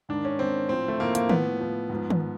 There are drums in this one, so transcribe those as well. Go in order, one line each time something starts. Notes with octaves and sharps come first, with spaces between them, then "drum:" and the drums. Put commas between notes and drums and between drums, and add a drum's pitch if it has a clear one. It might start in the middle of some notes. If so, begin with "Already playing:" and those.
G#2 D#3 D4
C#4
G#2 D#3 C4
A2 F3 C4
A3
A2 F3 A#3
A#3, drum: hi-hat
A2 F3 B3, drum: tom D#3
A2 F3
G#2
F3
drum: tom D#3